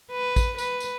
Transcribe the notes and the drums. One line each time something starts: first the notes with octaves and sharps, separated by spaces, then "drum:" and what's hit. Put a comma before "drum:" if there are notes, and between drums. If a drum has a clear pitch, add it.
B4
drum: kick A1, tambourine
B4, drum: tambourine
drum: tambourine